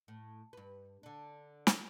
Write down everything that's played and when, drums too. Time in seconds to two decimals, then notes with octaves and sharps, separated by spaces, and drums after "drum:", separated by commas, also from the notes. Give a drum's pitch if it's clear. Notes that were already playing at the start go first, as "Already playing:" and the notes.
0.08 A2
0.53 G2 B4
1.03 D3 D4
1.67 drum: snare